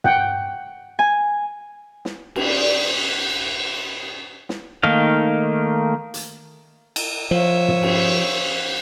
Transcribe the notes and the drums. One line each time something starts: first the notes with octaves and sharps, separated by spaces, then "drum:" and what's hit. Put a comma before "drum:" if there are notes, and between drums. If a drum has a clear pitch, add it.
F#5 G5, drum: tom
G#5
drum: snare
drum: cymbal
D5
drum: snare
D#3 A3 A#3 D#4 F5
drum: hi-hat
drum: cymbal
F3 C5 C#5 E5 F5
drum: tom
drum: cymbal